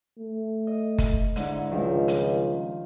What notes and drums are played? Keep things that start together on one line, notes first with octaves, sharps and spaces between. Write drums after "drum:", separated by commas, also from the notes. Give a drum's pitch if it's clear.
A3
D#5
drum: kick F#1, hi-hat
G#2 D3 E4, drum: hi-hat
C#2 D#3 F3 G3
drum: hi-hat